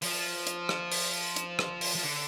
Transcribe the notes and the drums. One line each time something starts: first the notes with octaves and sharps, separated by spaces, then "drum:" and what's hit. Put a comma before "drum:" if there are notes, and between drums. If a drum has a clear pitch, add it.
F3, drum: open hi-hat
drum: hi-hat
drum: rim click
drum: open hi-hat
drum: hi-hat
drum: rim click
drum: open hi-hat
F3
D3